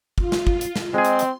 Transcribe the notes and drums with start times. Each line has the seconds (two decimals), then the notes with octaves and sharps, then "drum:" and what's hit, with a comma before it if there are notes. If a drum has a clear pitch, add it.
0.18 F4, drum: kick
0.32 drum: snare
0.47 drum: kick
0.61 drum: hi-hat
0.76 drum: snare
0.94 G#3 C4 G#4 D#5 C6
1.05 drum: hi-hat
1.19 drum: hi-hat